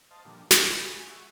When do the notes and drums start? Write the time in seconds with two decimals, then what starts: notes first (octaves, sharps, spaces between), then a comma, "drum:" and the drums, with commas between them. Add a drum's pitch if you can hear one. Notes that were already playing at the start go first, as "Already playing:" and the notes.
0.11 C5 D#5 F5 A5
0.25 A#2 D3 F3 G3
0.51 D#3 A3 A#3 C#4 E4 F4, drum: snare
0.73 F4 G#4 B4
0.91 G#3 F#4 G#4
1.09 E5 F#5 C#6